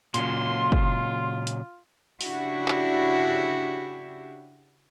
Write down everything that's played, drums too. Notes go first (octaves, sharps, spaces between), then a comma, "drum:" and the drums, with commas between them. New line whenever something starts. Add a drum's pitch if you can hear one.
A#2 C#3 F#3 F4 C6, drum: hi-hat
drum: kick
drum: hi-hat
C#3 D4 E4 F#4 G4, drum: open hi-hat
drum: clap